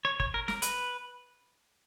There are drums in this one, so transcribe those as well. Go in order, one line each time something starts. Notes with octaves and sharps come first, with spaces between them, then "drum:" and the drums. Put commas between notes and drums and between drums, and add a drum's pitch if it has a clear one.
C#5
C#5, drum: kick
A#4
A#4, drum: snare
B4, drum: hi-hat